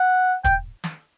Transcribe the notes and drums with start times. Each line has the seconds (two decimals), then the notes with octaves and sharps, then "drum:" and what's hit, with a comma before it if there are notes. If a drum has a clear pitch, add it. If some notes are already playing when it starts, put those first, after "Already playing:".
Already playing: F#5
0.44 G5, drum: kick, hi-hat
0.84 drum: snare